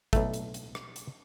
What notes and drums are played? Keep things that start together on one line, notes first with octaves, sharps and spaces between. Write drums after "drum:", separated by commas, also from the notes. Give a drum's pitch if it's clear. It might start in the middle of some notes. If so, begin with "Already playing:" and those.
B1 A3, drum: kick G#1, hi-hat
drum: hi-hat
drum: hi-hat
drum: rim click
drum: hi-hat